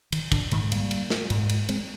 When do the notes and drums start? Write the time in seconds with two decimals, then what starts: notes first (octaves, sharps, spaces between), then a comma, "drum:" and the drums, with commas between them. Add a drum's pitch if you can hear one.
0.12 D#3, drum: cymbal
0.32 D3, drum: kick, cymbal
0.51 G#2 D#3, drum: cymbal
0.72 G3 A#3, drum: cymbal
0.91 drum: cymbal
1.10 drum: snare
1.30 G#2, drum: cymbal
1.49 drum: cymbal
1.69 G#3 C4, drum: cymbal